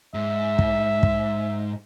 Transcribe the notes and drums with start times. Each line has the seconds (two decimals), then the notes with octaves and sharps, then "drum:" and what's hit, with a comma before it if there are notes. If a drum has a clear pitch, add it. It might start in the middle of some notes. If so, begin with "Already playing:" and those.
0.14 G#2 E5
0.59 drum: kick
1.03 drum: kick